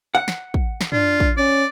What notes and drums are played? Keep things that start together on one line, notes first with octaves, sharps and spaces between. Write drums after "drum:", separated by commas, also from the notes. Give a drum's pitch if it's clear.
F#5
drum: snare
drum: kick
drum: snare
D4 F4, drum: tom
drum: kick
C#4 D5